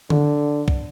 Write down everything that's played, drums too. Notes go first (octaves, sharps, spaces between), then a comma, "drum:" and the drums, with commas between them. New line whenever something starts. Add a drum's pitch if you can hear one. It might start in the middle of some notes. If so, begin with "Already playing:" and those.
D3, drum: tom D3
drum: kick